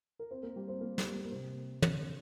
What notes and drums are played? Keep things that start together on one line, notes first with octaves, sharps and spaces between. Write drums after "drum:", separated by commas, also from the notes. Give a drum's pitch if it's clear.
A#4
C4 C5
A#3 A#4
G3 G4
C4 C5
A#3 A#4
G3, drum: snare
A#3
A#3
C3 C4
D3 D4, drum: tom